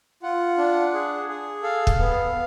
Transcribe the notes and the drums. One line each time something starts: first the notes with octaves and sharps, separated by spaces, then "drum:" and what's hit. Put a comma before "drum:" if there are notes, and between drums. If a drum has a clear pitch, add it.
F4 F#5
D4
G#4
G#4
A4 F5
drum: kick
B3